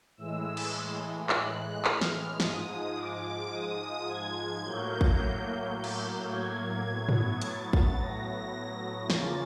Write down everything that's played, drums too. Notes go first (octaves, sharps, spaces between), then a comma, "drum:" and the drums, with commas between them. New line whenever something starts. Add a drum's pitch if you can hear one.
A2 E3 G#3 E6
drum: cymbal
F#6, drum: clap
F6, drum: clap
drum: snare
G#2 F3 G#3 D#6, drum: snare
D6
D#6
G#6
A2 F#3 A#3 G6
drum: kick
drum: cymbal
G#6
A2 F#3 B3
drum: tom
A6, drum: hi-hat
drum: kick
A#6
E2 C#3 F3 A#3 C#4 A6, drum: snare